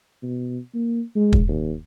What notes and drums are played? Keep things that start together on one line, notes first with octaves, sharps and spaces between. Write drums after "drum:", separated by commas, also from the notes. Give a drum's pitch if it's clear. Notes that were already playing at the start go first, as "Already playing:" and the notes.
B2
A#3
G#3
drum: kick
D#2